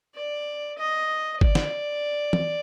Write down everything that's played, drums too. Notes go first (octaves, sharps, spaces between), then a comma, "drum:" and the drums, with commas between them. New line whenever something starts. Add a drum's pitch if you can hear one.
D5
D#5
D5, drum: kick G1
drum: snare
drum: tom E3